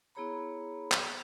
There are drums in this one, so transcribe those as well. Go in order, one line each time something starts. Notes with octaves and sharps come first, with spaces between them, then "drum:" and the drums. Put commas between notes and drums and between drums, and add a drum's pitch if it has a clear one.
B3 E4 G#4 C#5 A#5 B5
drum: clap